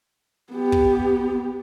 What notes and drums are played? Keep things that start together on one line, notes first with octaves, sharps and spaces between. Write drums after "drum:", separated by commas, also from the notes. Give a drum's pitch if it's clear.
B3 G4
drum: kick